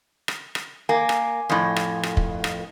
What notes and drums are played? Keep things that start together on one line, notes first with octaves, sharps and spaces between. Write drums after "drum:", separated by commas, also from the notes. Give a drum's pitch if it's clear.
drum: rim click
drum: rim click
A#3 G#5 D6
drum: rim click
F2 A2
drum: rim click
drum: rim click
drum: kick
drum: rim click